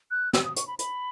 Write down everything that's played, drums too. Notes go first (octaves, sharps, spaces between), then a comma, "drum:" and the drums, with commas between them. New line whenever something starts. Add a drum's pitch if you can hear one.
F#6
E6, drum: snare
D#6
C#6, drum: hi-hat
B5
B5, drum: hi-hat